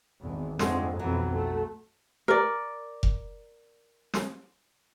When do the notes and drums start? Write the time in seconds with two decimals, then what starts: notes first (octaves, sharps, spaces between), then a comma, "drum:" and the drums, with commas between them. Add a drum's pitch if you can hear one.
0.21 G#1 E2
0.59 F2 G#2 D3 G#3 A3, drum: snare
0.99 B1 F2 E3 F#3
1.32 A3
2.28 A#4 D5
3.03 drum: kick F1
4.14 drum: snare